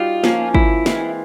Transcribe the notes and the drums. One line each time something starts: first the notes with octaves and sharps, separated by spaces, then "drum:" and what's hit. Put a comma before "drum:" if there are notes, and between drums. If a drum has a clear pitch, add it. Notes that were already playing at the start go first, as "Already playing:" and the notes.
Already playing: G3 D#4 F4 F#4
F3 A#3 C#4, drum: snare
E4, drum: kick
E3 G#3 C4 F4, drum: snare